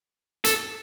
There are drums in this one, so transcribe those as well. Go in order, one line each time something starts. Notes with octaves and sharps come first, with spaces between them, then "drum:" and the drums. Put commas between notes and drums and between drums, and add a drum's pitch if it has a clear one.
A4, drum: hi-hat